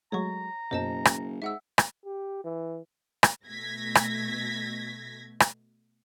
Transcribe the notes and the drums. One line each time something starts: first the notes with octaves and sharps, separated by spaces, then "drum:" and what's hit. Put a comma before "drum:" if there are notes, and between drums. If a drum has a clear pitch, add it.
F#3 G#3 A3 C#5 A#5 C#6
F#1 F#2 B2 C5 D#5 A5
drum: rim click
G#2 E5 F#5 E6
drum: rim click
G4
E3
drum: rim click
B2 A3 G#6 A#6 B6
drum: rim click
drum: rim click